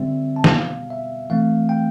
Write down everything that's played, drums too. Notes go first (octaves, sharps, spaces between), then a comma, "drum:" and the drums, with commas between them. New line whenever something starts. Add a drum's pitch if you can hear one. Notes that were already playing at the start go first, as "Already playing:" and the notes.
Already playing: D3 G3 C4 E5
A5
G5, drum: snare
B2 G3 B3 F5
E5
E3 A3 C4 F5
G5